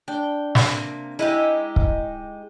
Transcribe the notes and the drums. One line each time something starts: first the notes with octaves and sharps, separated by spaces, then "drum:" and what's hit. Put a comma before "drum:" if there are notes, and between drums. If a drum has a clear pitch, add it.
D4 G5
drum: snare
C3 A#3
G#3 D#4 E4 G4 B4
drum: kick